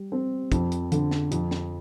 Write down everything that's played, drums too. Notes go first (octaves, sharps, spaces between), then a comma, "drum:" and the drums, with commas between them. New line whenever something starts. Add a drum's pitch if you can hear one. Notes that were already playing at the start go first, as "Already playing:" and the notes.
Already playing: G3
C4
F2, drum: kick, hi-hat
drum: hi-hat
D3, drum: hi-hat
drum: snare
F2, drum: hi-hat
drum: snare